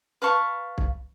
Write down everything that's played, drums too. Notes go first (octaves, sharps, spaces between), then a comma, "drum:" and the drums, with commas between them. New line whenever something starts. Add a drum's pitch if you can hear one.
B4 F5 A5 C#6
drum: kick